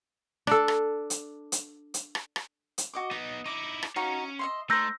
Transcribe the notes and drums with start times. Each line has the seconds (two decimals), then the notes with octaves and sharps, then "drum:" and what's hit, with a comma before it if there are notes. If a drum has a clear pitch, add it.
0.47 D4 A4, drum: rim click
0.68 drum: rim click
1.10 drum: hi-hat
1.52 drum: hi-hat
1.94 drum: hi-hat
2.15 drum: rim click
2.36 drum: rim click
2.78 drum: hi-hat
2.93 F#4 D#5 D6
3.11 B3 D#4 D#5
3.46 D#4 E4 D6
3.83 drum: rim click
3.96 C#4 D#4 F#4 C#5 F5
4.39 D#5 E5 C6
4.70 A3 D#4 C5 E6 G6 A#6